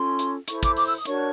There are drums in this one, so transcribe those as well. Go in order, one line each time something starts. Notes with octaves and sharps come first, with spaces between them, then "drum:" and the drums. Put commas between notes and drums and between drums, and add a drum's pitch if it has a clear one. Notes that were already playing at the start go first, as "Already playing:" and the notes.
Already playing: C#4 F4 A4 C6
drum: hi-hat
E4 A4 C5 C#6, drum: hi-hat
D6, drum: kick, hi-hat
D6, drum: open hi-hat
E6
D#6
D4 F#4 A#4 C#5 C#6, drum: hi-hat